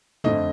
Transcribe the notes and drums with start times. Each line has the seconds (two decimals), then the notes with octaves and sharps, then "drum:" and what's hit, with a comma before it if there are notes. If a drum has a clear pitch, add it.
0.24 F2 D3 A3 D#5, drum: tom